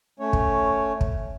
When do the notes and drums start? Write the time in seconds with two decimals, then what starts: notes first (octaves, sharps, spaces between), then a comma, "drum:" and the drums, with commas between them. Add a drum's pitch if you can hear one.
0.20 A3 C#4 C#5
0.33 drum: kick
1.01 drum: kick